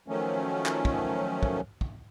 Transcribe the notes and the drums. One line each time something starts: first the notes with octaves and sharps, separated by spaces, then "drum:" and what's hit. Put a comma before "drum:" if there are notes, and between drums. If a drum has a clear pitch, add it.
D#3 F3 F#3 A3 C#4
drum: clap
drum: kick
drum: kick
drum: kick